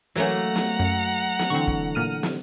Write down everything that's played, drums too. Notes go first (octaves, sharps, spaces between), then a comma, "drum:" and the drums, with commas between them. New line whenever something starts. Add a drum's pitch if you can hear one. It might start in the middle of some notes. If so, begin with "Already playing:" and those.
E3 F#3 A3 A#3 C#4 F#5 A#5
drum: snare
F#2 C#7
drum: snare
D3 E3 C4 C#6
drum: kick
A#2 F6 D#7
drum: snare